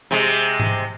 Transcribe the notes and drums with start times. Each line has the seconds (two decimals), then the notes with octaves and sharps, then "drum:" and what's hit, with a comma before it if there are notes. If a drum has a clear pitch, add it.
0.11 C3 G#3
0.60 drum: tom G#2